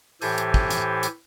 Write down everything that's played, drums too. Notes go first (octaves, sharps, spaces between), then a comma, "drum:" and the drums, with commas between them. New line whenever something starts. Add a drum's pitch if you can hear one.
A2 E3 G4 A4 C5 G#5, drum: open hi-hat
drum: hi-hat
drum: kick
drum: hi-hat
drum: hi-hat